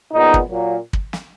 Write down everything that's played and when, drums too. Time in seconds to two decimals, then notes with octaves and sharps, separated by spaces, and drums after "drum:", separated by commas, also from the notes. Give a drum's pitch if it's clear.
0.12 A#2 G#3 B3 D#4
0.34 drum: kick
0.48 A#2 F#3 A#3
0.93 drum: kick
1.13 drum: snare